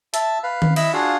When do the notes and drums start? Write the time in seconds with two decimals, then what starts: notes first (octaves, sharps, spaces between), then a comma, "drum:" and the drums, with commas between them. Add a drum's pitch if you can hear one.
0.14 E5 A5, drum: hi-hat
0.43 B4 F5
0.62 drum: tom D#3
0.76 E4 D#5 E5 B5 E6, drum: cymbal
0.93 D4 F4 F#4 G#4 F5